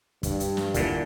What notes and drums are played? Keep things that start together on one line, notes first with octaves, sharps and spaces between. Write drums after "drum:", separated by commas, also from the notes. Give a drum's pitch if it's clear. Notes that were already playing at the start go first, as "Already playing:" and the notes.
G2, drum: kick, hi-hat
drum: hi-hat
drum: snare
A#2 D3 E3, drum: kick, hi-hat